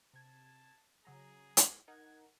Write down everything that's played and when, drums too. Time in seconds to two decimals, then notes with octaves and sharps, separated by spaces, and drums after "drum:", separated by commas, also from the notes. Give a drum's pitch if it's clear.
0.14 C3 A5 G#6
1.05 C#3 F#3 G#4 A#5
1.57 drum: hi-hat
1.88 D#4 A#4 F#5 G#6